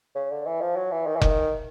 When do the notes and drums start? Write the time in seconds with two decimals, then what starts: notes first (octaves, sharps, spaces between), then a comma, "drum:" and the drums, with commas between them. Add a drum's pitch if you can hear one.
0.15 C#3
0.31 D3
0.46 E3
0.61 F3
0.76 F#3
0.92 E3
1.07 D#3
1.16 E3
1.21 D#3, drum: kick F1